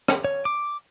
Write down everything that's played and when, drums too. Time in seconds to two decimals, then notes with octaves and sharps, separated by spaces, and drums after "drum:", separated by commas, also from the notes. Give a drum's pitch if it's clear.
0.08 drum: rim click
0.24 C#5
0.45 D6